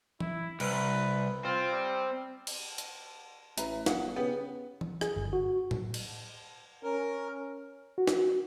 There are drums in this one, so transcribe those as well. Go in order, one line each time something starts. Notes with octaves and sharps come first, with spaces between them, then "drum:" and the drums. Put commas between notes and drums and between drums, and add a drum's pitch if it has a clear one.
E4, drum: tom E3
C2 B4, drum: cymbal
C4 F4
G3
drum: cymbal
drum: hi-hat
A1 B4 E5 A#5, drum: hi-hat
G1 G#4 F5 F#5, drum: snare
C#3 B3 G4
drum: tom E3
G#4, drum: rim click
G1
F#4
drum: tom A2
drum: cymbal
C#4 A#4
F#4
drum: snare